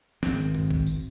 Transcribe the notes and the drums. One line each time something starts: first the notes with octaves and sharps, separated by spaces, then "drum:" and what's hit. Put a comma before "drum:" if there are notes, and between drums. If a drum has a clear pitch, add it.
G#1 C4, drum: snare
drum: tom G2
drum: kick
drum: tambourine